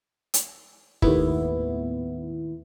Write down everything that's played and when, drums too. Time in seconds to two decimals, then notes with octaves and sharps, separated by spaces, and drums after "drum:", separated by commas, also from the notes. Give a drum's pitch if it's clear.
0.34 drum: hi-hat
1.02 D#2 A2 B3 E4, drum: kick